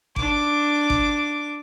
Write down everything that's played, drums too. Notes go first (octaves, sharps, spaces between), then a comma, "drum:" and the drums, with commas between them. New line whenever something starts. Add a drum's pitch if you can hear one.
D4 D6, drum: kick G#1
drum: kick G#1